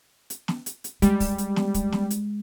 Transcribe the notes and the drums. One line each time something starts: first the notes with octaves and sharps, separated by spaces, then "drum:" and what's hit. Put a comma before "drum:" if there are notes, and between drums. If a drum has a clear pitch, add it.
drum: hi-hat
drum: snare
drum: hi-hat
drum: hi-hat
G3 G#3, drum: hi-hat
drum: kick, open hi-hat
drum: hi-hat
drum: snare
drum: kick, hi-hat
drum: snare
drum: hi-hat